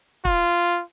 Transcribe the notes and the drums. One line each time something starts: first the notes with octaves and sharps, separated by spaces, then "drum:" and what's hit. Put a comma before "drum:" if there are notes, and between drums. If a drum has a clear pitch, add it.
F4, drum: kick